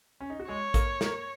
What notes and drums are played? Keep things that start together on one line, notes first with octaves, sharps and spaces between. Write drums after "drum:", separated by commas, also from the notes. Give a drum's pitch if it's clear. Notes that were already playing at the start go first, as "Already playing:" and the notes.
C#4
D#4
F#4
G#3 G#4 C#5
A#3 A#4, drum: kick, hi-hat
A#3 A#4, drum: snare